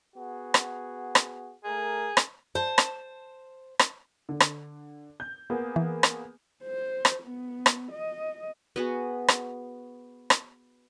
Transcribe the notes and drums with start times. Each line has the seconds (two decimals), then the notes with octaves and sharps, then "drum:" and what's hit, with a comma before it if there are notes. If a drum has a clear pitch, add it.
0.16 B3 F#4 G#4
0.54 drum: rim click
1.15 drum: rim click
1.64 A3 G#4 A#4
2.17 drum: rim click
2.55 C5 A5
2.78 drum: rim click
3.79 drum: rim click
4.29 D3
4.40 drum: rim click
5.20 G6
5.50 A#3 B3 G#4
5.76 E3
6.03 drum: rim click
6.64 C5
7.05 drum: rim click
7.23 B3
7.66 drum: rim click
7.92 D#5
8.76 B3 F#4 G#4
9.28 drum: rim click
10.30 drum: rim click